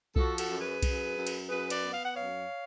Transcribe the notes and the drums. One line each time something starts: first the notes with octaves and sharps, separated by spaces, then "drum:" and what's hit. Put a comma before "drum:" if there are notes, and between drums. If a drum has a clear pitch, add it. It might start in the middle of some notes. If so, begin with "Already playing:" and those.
F3 F#4 A4, drum: kick B1
F#4 A4, drum: cymbal
F#2
G#4 B4
F#2, drum: kick B1, cymbal
F#2
drum: cymbal
F#2 G#4 B4
B4 D5, drum: cymbal
B3
F5
F#5
F#2 C#5 F5